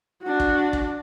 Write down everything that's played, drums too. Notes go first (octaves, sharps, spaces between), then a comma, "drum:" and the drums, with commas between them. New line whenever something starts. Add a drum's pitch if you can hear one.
D4 F#4
drum: kick
drum: kick